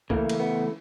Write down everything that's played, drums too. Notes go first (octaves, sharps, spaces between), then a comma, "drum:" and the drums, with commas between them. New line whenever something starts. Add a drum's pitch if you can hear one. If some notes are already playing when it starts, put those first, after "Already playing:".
C#3 E3 A3 A#3, drum: kick
drum: cymbal
B3